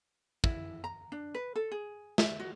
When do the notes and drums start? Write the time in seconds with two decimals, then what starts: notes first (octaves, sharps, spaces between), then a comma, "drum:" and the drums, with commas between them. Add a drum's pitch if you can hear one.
0.44 E4, drum: kick
0.84 A#5
1.12 D4
1.35 B4
1.56 A4
1.72 G#4
2.18 E5, drum: snare
2.40 F#4